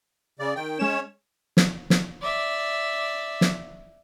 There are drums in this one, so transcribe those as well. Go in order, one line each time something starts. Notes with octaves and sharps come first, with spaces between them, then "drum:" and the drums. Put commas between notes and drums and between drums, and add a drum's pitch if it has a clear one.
C#3 D5
D#3 G5
G#3 C#4 C#5 E7
drum: snare
drum: snare
D5 E5
drum: snare